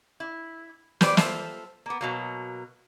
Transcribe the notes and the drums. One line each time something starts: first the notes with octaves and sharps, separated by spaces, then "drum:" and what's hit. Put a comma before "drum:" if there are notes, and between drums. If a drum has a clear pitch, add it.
E4
G4 B4 C5 D5, drum: snare
F4 A4 C5 E5, drum: snare
A#3 B3
B2 F#3 A#3